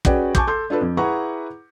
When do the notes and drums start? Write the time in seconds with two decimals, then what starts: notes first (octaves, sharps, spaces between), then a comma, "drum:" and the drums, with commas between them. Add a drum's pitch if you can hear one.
0.05 C#4 F#4 G#4 B4 D5 G5, drum: kick
0.35 G#5 A5 C#6 D6 G6, drum: kick
0.47 A4 C6 G6
0.70 D4 F4 A4 B4
0.81 F2
0.97 E4 G#4 B4 F#5 A#5 C#6